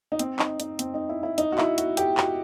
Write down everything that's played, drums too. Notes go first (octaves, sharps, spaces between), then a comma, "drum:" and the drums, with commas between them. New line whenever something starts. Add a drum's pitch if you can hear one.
D#4
C4, drum: hi-hat
D#4, drum: clap
D#4, drum: hi-hat
C4, drum: hi-hat
D#4
E4
E4
D#4, drum: hi-hat
F#4
E4, drum: clap
F#4, drum: hi-hat
G4, drum: hi-hat
F#4, drum: clap